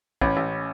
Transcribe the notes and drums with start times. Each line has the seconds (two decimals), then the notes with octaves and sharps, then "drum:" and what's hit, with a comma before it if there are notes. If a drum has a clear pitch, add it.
0.21 A1 C#4, drum: kick
0.37 A1